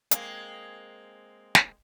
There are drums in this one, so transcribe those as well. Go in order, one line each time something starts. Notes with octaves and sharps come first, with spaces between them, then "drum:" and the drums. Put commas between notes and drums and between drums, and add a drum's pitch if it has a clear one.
G#3 A#3 C4, drum: hi-hat
drum: snare